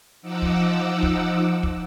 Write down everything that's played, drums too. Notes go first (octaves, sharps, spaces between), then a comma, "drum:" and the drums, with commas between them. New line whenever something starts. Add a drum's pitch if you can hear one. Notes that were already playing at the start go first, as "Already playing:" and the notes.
F3 D#4 F#5 D6 E6
drum: kick
drum: kick
drum: kick